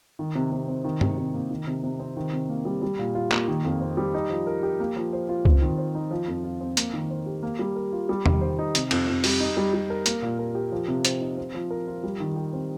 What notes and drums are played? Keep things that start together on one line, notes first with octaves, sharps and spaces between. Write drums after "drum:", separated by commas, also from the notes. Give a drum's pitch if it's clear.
D#3
C3
C3
C4
D#3
C3, drum: tom
C3
A#3
D#3
C3
C3
C4
D#3
C3
A#3
G3
G3
A#2
F4
A#3, drum: clap
D#3
F2
C4
G3
D#4
F3
A#4
G4
A#3
F3
C5
F4
C4, drum: kick C#2
D#3
C5
D#4
F3
F2
F4
C4
A#3, drum: hi-hat
D#3
C5
G4
A#3
G3
A#4
F4
G3
D#3, drum: tom E2
C5
D#4
C3, drum: hi-hat
F2, drum: cymbal
F2
G3, drum: open hi-hat
D#4
G3
G3
A#4
A#3, drum: hi-hat
A#2
A#4
G4
F3
C3
C5, drum: hi-hat
D#4
C4
F3
A#4
F4
G3
D#3
G4
C4